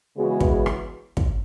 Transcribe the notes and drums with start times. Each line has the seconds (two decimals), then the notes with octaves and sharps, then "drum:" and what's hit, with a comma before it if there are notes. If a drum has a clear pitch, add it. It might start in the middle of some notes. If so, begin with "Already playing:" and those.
0.16 C#3 E3 G#3 B3 F#4
0.41 drum: kick
0.66 drum: rim click
1.17 drum: kick